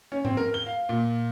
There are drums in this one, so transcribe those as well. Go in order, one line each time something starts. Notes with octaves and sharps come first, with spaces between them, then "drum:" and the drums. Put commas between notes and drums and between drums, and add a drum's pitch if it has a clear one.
C#4
C4, drum: tom G#2
A#4
G7
F5
A#2